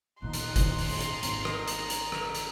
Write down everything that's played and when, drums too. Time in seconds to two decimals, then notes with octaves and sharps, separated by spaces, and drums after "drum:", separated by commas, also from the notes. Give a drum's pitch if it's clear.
0.22 D#2 A#2 D#3 F3 D#4 C6 F#6
0.33 drum: hi-hat
0.56 drum: kick, hi-hat
0.78 drum: open hi-hat
1.01 drum: hi-hat
1.23 G#1 A#5, drum: hi-hat
1.45 drum: rim click
1.68 drum: hi-hat
1.90 drum: hi-hat
2.12 drum: rim click
2.35 drum: hi-hat